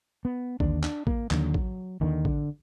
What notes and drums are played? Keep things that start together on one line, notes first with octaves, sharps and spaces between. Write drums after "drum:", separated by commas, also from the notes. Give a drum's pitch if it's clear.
B3
D#2 D3 D4, drum: kick A1
D4, drum: clap
A#3, drum: kick A1
D#2 D3 F#3, drum: clap
drum: kick A1
D#2 D3 D#3
D3, drum: kick A1